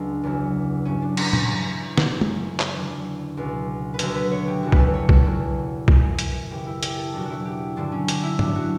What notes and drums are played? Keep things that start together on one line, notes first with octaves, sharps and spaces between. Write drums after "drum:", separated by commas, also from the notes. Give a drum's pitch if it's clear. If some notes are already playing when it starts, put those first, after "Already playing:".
Already playing: C#2 F#3 D4
E2 C#3 F#3
G2 F#3 C#4
D4
D4, drum: cymbal
C#4, drum: tom
G2 E3
drum: snare
F#2 C#3 F#3
drum: tom
drum: clap
E2 D3 F#3 D4
C#2 B2 F#3
B4
D2 D3 F#3 A4, drum: hi-hat
B4
C#5
G4
E2 C#3 F#3 F#4
B4, drum: kick B1
A4
C#5
A4, drum: kick B1
E2 B2 F#3
F#2 E3, drum: kick B1
drum: hi-hat
F#2 C#3 E3 G4
E4
G4, drum: hi-hat
A4
E2 B2 F#3 D4
F#4
E4
G4
G2 D3 F#3 D4
C#4
D4, drum: hi-hat
E4
G2 F#3 D4, drum: tom
F#4